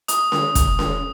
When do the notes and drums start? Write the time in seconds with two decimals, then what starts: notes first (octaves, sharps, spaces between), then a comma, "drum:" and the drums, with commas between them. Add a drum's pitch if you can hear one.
0.08 D#6, drum: hi-hat
0.32 drum: snare C#4
0.55 drum: kick, hi-hat
0.79 drum: snare C#4